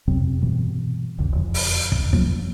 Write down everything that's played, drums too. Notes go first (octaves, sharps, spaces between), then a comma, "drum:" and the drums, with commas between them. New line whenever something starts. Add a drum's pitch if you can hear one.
F2 C3 F#3 C4
G2 B2 E3
F1 C#2 F#2 D3
E1 F2
drum: open hi-hat
drum: kick
F3 F#3 A#3, drum: kick